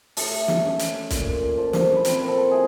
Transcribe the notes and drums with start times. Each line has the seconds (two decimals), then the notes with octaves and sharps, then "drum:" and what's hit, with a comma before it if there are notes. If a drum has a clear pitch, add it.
0.17 A3 A4, drum: open hi-hat
0.48 drum: snare
0.64 C#4
0.79 drum: hi-hat
1.10 A#2, drum: kick, hi-hat
1.58 F3
1.73 drum: snare
1.95 B4
2.05 C4 A#4, drum: hi-hat
2.28 A4
2.51 E3 G#4